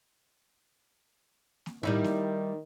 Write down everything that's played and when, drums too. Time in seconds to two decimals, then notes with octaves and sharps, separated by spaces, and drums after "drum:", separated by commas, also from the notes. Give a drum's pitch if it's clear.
1.66 drum: snare A#3
1.83 D#3 G3 D#4 E4, drum: tom A2
2.04 drum: snare A#3